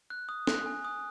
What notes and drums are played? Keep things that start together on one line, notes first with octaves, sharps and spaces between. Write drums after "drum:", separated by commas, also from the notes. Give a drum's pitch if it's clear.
F#6
D#6
F#6, drum: snare
G#5
D#6